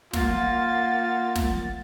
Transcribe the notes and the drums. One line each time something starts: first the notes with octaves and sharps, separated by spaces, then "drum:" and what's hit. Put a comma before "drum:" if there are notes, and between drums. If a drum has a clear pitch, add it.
A#3 F4 F#5 A6, drum: snare
drum: snare